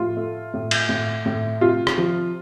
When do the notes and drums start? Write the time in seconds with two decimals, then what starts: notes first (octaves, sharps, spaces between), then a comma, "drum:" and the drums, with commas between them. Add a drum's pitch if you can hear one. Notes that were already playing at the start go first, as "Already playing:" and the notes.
Already playing: A2 F3 F4
0.17 A3
0.54 A2
0.71 drum: cymbal
0.89 A2
1.26 A2
1.61 C3 F4
1.87 drum: rim click
1.98 F3